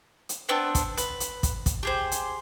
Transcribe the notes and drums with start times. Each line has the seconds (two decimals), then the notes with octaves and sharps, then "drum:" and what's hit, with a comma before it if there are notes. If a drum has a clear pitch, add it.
0.29 drum: hi-hat
0.49 B3 C4 D4
0.75 drum: kick, hi-hat
0.97 B4, drum: hi-hat
1.20 drum: hi-hat
1.43 drum: kick, hi-hat
1.66 drum: kick, hi-hat
1.83 G4 G#4 C5
2.12 drum: hi-hat